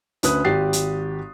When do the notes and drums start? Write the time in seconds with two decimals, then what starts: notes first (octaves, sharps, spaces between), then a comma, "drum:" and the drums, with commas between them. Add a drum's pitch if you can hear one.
0.23 D2 C#4 B4 D#6 F#6, drum: hi-hat
0.45 G#1 G4 A6 C7
0.73 drum: hi-hat